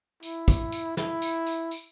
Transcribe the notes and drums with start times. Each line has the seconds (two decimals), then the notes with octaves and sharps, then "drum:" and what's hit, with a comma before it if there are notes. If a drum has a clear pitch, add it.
0.23 E4, drum: tambourine
0.48 drum: kick, tambourine
0.72 drum: tambourine
0.97 E4, drum: snare
1.22 drum: tambourine
1.47 drum: tambourine
1.71 drum: tambourine